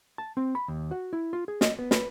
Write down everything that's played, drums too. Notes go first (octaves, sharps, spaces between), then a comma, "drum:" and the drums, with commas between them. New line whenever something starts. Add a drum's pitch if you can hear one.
A5
C4
B5
D#2
F#4
E4
F4
G#4
D#5, drum: snare
B3
B4, drum: snare